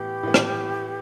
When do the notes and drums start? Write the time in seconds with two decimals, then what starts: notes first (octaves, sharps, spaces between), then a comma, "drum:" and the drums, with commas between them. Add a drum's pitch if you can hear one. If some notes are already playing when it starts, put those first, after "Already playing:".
Already playing: A2 E3 B3 G4
0.23 A2 E3 B3
0.34 drum: rim click